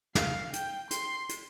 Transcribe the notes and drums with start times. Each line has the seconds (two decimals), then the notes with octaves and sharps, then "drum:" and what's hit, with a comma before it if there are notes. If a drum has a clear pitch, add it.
0.15 F5, drum: snare
0.53 G5, drum: hi-hat
0.91 C6, drum: hi-hat
1.29 drum: hi-hat